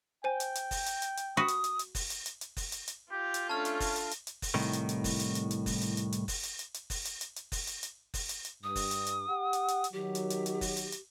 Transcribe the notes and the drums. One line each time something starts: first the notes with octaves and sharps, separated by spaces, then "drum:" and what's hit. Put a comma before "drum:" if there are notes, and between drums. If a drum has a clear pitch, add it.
C5 G5 G#5
drum: hi-hat
drum: hi-hat
drum: kick F#1, open hi-hat
drum: hi-hat
drum: hi-hat
drum: hi-hat
F#4 B4 D#6
drum: hi-hat
drum: hi-hat
drum: hi-hat
drum: kick F#1, open hi-hat
drum: hi-hat
drum: hi-hat
drum: hi-hat
drum: kick F#1, open hi-hat
drum: hi-hat
drum: hi-hat
F4 G4
drum: hi-hat
A3 C#4 D4 A5 F6
drum: hi-hat
drum: kick F#1, open hi-hat
drum: hi-hat
drum: hi-hat
drum: hi-hat
drum: kick F#1, open hi-hat
C2 A2 D#3
drum: hi-hat
drum: hi-hat
drum: kick F#1, open hi-hat
drum: hi-hat
drum: hi-hat
drum: hi-hat
drum: kick F#1, open hi-hat
drum: hi-hat
drum: hi-hat
drum: hi-hat
drum: kick F#1, open hi-hat
drum: hi-hat
drum: hi-hat
drum: hi-hat
drum: kick F#1, open hi-hat
drum: hi-hat
drum: hi-hat
drum: hi-hat
drum: kick F#1, open hi-hat
drum: hi-hat
drum: hi-hat
drum: kick F#1, open hi-hat
drum: hi-hat
drum: hi-hat
G2 D#6
drum: kick F#1, open hi-hat
drum: hi-hat
drum: hi-hat
G4 F#5
drum: hi-hat
drum: hi-hat
drum: hi-hat
D#3 F#3 G4
drum: hi-hat
drum: hi-hat
drum: hi-hat
drum: kick F#1, open hi-hat
drum: hi-hat
drum: hi-hat